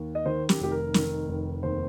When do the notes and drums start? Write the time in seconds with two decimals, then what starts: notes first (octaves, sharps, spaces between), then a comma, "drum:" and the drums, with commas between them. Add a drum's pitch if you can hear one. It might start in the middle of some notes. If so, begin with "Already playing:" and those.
Already playing: D#2
0.15 D#5
0.26 D#3 C5
0.49 G4, drum: snare
0.60 F1 G4
0.71 A#4
0.94 D#3, drum: snare
1.28 F1
1.63 D#2 C5